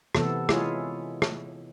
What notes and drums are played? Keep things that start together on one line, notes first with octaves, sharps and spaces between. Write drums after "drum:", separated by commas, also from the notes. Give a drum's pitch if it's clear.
C3 E3 B3 A4, drum: rim click
G#3 E4 F4 G#4 C#5, drum: rim click
drum: rim click